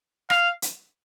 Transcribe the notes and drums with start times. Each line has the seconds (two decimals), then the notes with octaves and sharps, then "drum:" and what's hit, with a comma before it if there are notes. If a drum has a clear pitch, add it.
0.30 F5, drum: rim click
0.62 drum: hi-hat